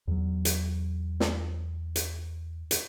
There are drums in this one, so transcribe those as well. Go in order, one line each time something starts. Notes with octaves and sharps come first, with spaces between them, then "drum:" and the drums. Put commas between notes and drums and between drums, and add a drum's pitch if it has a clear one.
E2 F#3
drum: hi-hat
drum: snare
drum: hi-hat
drum: hi-hat